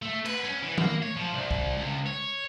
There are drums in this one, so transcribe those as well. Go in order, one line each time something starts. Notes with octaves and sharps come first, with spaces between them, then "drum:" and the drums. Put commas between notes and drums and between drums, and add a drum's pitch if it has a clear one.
A3
B4, drum: cymbal
C#4
E3
A#3, drum: tom D#3
C#5
F3
C2
drum: kick B1
C#2
C#5